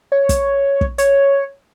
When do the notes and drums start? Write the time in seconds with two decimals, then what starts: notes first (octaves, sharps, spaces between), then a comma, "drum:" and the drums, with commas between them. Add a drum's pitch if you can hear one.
0.12 C#5
0.29 drum: kick, hi-hat
0.81 drum: kick
0.98 C#5, drum: hi-hat